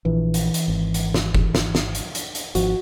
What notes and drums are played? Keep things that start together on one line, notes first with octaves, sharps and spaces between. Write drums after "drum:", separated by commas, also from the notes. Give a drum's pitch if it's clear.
A#1 E3
drum: hi-hat
drum: hi-hat
G#1
drum: hi-hat
drum: snare
drum: kick F#1
drum: snare
drum: snare
drum: hi-hat
drum: hi-hat
drum: hi-hat
G#1 F3 F#4, drum: hi-hat